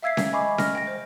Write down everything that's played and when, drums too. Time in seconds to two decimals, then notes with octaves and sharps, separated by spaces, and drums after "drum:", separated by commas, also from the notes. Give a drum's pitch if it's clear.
0.02 E5 F5 E6 G#6 B6 C7
0.17 G#6, drum: snare C#4
0.32 D#5 G#5 B5 C#6 D6
0.58 F6 A#6, drum: snare C#4
0.75 G5 A#6
0.87 C5